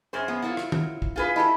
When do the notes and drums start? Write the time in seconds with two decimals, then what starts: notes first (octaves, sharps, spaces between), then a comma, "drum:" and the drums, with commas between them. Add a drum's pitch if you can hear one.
0.13 F#2 G#4 C5
0.28 B3
0.42 F#3 E4 F4 A#4 F#5
0.57 drum: rim click
0.72 drum: tom D#3
1.02 drum: kick
1.16 F4 G#4 B4
1.36 E4 G4 A4 D#5 A5 B5